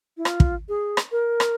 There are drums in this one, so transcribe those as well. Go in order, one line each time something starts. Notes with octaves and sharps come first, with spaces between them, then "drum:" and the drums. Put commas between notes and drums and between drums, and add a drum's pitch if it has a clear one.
E4
F4, drum: rim click
drum: kick
G#4
drum: rim click
A#4
drum: rim click